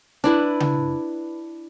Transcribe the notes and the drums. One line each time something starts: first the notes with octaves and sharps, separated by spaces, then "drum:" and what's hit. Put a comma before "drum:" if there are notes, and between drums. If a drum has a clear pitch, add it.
D4 E4 B4
drum: tom C#3